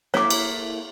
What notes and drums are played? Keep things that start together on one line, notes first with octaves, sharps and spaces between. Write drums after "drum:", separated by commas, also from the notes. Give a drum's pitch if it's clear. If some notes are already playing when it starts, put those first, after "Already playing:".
A3 A#3 E4 C#5 D6, drum: snare
drum: cymbal